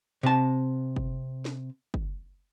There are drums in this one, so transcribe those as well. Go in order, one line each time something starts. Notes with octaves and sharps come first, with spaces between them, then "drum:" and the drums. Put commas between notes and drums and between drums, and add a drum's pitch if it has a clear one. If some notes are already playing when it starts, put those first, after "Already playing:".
C3 A5
drum: kick
drum: snare C#4
drum: kick